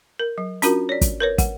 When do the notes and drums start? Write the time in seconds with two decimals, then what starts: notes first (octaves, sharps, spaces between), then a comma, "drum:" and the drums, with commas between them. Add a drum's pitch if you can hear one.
0.19 A#4
0.38 F#3
0.62 C#4 D4 F4 F#4 A#4, drum: hi-hat
0.89 C#5 D5
1.01 drum: kick, hi-hat
1.20 A#4 B4 C#5
1.38 F#5, drum: kick, hi-hat